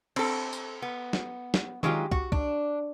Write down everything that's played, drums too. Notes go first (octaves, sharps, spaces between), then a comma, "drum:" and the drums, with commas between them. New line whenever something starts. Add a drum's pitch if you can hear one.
C4 A4, drum: cymbal
drum: tambourine
B3
drum: snare
drum: snare
F#3 G#3 D#4 F4 G4, drum: tom D#3
F#4, drum: kick
D4, drum: kick